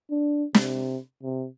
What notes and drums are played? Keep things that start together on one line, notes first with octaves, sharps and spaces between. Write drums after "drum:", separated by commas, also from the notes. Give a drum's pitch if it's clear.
D4
C3, drum: snare
C3